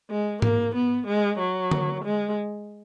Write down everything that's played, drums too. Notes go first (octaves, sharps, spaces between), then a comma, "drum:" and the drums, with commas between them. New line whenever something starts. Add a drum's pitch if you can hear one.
G#3
A#3, drum: tom
B3
G#3
F#3
drum: tom D3
G#3